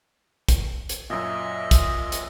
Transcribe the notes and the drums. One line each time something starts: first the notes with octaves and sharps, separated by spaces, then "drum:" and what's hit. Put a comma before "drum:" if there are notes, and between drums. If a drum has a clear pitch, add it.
drum: kick, hi-hat
drum: hi-hat
F#2 A#2 D#5 E5
drum: kick, hi-hat
drum: hi-hat